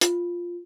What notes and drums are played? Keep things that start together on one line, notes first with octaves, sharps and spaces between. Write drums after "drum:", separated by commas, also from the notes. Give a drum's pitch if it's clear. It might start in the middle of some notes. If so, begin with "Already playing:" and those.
F4, drum: hi-hat